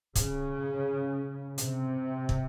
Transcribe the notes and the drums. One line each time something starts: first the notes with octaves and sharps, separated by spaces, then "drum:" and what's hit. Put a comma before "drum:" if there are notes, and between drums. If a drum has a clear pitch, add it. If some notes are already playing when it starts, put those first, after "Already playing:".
C#3, drum: kick, hi-hat
C3, drum: hi-hat
drum: kick